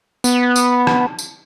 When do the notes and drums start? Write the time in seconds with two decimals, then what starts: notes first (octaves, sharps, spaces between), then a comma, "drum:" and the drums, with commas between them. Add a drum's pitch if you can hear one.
0.24 B3, drum: tambourine
0.56 drum: tambourine
0.87 drum: rim click
1.19 drum: tambourine